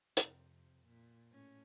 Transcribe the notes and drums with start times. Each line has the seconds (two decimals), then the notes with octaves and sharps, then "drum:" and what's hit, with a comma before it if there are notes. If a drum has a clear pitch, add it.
0.17 F2 C3, drum: hi-hat
0.87 A#2
1.32 A2 C#4